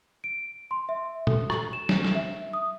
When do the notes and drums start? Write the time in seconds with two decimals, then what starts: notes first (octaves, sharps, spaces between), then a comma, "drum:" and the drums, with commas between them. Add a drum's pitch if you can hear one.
0.24 D7
0.71 C6
0.89 E5
1.27 A4, drum: tom A#2
1.50 C#6, drum: rim click
1.73 E7
1.89 drum: snare
2.05 drum: snare
2.15 E5
2.53 D#6